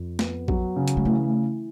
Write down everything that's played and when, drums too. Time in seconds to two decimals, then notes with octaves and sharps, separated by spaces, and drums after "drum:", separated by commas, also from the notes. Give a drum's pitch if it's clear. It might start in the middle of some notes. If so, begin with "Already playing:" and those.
Already playing: F2
0.19 B3, drum: snare
0.48 F#3, drum: kick A#1
0.76 C#3
0.88 drum: hi-hat
0.97 G#3
1.05 E3 A3
1.34 E3